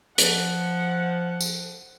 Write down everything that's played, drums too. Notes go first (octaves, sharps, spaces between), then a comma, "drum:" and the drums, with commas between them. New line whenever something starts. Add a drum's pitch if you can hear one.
F3 F#5, drum: hi-hat
drum: tambourine